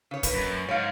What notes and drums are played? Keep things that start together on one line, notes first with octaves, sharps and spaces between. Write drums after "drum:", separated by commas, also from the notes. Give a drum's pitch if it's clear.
C#3 C#5
A#3 B4, drum: kick, hi-hat
F#2
G#2 C#5 F5